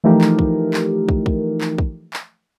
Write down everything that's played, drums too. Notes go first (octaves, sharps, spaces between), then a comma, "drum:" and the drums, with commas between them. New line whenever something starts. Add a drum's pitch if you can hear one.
E3 F3 A3 D#4 G4 A#4
drum: clap
drum: kick
drum: clap
drum: kick
drum: kick
drum: clap
drum: kick
drum: clap